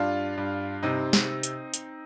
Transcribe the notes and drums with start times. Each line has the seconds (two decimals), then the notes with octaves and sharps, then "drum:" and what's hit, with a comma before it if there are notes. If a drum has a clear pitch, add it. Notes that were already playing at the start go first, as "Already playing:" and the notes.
Already playing: G2 D4 F4
0.37 G2
0.83 C3 C4 D#4
1.13 drum: snare
1.43 drum: hi-hat
1.74 drum: hi-hat